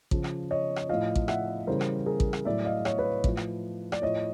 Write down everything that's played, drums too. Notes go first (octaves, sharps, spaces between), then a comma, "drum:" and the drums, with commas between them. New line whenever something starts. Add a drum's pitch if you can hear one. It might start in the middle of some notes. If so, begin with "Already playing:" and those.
C#3 F3, drum: kick A1
drum: rim click
C#5 D#5
drum: rim click
A2 F3 D#5 F5
drum: kick A1
E5 F#5, drum: rim click
C#3 E3 G3 A#4 C5
drum: rim click
G#4 A#4
drum: kick A1
drum: rim click
A2 F#3 D5 E5
D#5 F5
C#5 D#5, drum: rim click
B4 C#5
A2 F3, drum: kick A1
drum: rim click
D5, drum: rim click
A2 F3 C#5 D#5